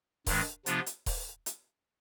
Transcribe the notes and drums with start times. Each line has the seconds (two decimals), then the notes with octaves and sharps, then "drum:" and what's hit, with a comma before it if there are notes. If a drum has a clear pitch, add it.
0.26 G2 D#3 G#3 D4, drum: kick D#1, open hi-hat
0.66 C3 F3 B3 D4 F4, drum: hi-hat
0.86 drum: hi-hat
1.06 drum: kick D#1, open hi-hat
1.46 drum: hi-hat